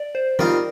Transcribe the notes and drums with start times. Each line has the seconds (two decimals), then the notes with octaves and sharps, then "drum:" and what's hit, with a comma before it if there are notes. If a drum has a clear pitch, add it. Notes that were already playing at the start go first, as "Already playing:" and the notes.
Already playing: D5
0.15 C5
0.39 D#3 G3 C4 F4 A#4, drum: tom